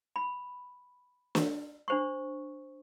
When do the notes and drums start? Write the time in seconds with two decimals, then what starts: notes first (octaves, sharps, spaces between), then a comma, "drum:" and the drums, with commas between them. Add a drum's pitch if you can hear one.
0.16 B5
1.35 drum: snare
1.88 D4 C5 C#6